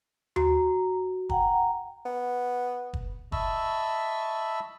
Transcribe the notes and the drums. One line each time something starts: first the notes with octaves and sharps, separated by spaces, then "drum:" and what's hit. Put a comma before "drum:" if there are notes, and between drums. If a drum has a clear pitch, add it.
F#4 A#5, drum: tom D#2
F#5 G5 A#5, drum: kick
B3
drum: kick
D#5 E5 A5 B5 C#6 E6, drum: kick